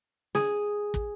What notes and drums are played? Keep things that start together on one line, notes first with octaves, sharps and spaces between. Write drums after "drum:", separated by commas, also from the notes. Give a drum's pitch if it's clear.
G#4, drum: snare
drum: kick